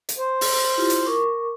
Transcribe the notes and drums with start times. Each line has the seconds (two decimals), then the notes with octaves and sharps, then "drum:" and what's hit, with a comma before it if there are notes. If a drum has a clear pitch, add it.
0.09 drum: hi-hat
0.18 C5
0.41 drum: open hi-hat
0.77 E4 F4 G4
0.90 drum: hi-hat
1.06 A#4 C#6 D6